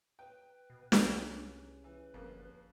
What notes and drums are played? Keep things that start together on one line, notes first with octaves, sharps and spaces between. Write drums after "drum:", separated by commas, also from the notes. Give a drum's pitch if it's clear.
B4 G5
B2
C2 C#4 G#4, drum: snare
E3 B4
G1 F2 A#3